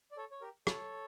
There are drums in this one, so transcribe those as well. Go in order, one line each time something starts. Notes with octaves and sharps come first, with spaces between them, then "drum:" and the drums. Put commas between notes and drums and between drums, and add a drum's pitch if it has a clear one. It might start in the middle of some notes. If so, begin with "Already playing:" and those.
D5
A4 C#5
C#5
G4 A#4
A4 C#5, drum: rim click